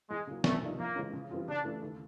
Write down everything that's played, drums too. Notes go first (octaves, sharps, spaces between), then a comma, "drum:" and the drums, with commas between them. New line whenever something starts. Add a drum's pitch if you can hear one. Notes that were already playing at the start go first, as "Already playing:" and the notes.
E2 G#3
C#3 F#3 A#3
C2 A3, drum: snare
C3 F3 A#3 D#4
F2 A#3
C#3 E3 G#3 C#4
C#3
E3 G3 C4 F4
C#3 D4
E3 A3
D#2